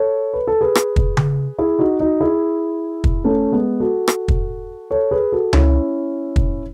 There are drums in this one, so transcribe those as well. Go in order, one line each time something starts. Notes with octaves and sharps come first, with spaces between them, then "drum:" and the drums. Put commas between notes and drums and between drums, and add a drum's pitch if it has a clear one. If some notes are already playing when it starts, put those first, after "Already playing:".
Already playing: A4 C#5
B4
A4
G#4 B4
drum: rim click
drum: kick
drum: tom C#3
E4 G#4
D#4 F#4
D#4 F#4
E4 G#4
drum: kick
A3 C#4
G#3 B3
F#4 A4
drum: rim click
drum: kick
A4 C#5
G#4 B4
F#4 A4
C#4 E4, drum: tom C#2
drum: kick